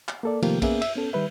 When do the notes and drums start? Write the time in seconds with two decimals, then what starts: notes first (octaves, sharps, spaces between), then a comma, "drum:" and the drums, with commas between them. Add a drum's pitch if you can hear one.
0.08 drum: clap
0.23 A#3 A4 D5
0.42 C3 D#3 F3 A3 A#3 G4, drum: cymbal
0.62 A#3 B3 C#4 G#4 E5, drum: kick A#1, cymbal
0.82 E5, drum: cymbal
0.95 B3 C#4 A4
1.13 D#3 G3 B4 E5